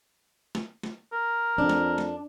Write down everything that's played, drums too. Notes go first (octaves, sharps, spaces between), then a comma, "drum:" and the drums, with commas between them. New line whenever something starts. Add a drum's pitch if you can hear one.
drum: snare
drum: snare
A#4
F2 D4
drum: snare
drum: snare